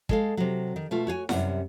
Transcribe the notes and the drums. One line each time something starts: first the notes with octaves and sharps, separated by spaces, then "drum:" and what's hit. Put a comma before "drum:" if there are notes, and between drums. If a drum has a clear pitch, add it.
G#3 A4 F5, drum: kick
C3 F#3
D#3
B2 A3 F4
F#4 C#5 F5 G#5
F#2 C3 G3 G#3 B4 F#5, drum: snare E4